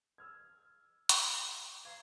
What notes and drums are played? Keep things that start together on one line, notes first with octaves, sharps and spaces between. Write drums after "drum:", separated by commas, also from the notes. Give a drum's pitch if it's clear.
E6 F6 G#6
drum: hi-hat
F5 A#5 G#6